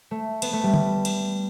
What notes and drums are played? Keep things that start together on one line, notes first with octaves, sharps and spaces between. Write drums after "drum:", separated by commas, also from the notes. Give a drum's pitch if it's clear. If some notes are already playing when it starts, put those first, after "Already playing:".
A3
B3, drum: cymbal
A3
G3
drum: tom
drum: cymbal